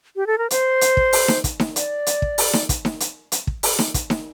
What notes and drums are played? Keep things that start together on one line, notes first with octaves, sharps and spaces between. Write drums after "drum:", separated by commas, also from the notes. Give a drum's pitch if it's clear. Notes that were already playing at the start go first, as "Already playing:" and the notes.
G4
A4
A#4
C5, drum: hi-hat
drum: hi-hat
drum: kick
drum: open hi-hat
drum: snare D#4
drum: kick, hi-hat
drum: snare D#4
D5, drum: hi-hat
drum: hi-hat
drum: kick
drum: open hi-hat
drum: snare D#4
drum: kick, hi-hat
drum: snare D#4
drum: hi-hat
drum: hi-hat
drum: kick
drum: open hi-hat
drum: snare D#4
drum: kick, hi-hat
drum: snare D#4